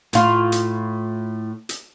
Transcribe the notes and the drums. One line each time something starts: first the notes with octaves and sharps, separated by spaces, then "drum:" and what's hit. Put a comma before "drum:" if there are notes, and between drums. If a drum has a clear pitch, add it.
A2 F4, drum: hi-hat
drum: hi-hat
drum: hi-hat